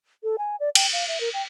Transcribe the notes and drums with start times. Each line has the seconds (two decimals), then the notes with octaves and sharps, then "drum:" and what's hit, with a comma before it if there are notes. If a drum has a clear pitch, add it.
0.23 A4
0.38 G#5
0.60 D5
0.75 G5, drum: cymbal
0.93 F5
1.08 E5
1.21 A#4
1.34 G5